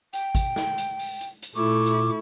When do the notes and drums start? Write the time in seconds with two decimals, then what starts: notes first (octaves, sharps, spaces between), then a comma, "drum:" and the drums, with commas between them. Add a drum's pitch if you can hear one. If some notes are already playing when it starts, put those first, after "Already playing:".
0.13 G5, drum: hi-hat
0.35 drum: kick, hi-hat
0.56 drum: snare
0.78 drum: hi-hat
0.99 drum: open hi-hat
1.21 drum: hi-hat
1.42 drum: hi-hat
1.55 A#2 A3 E4 C#6 D6
1.85 drum: hi-hat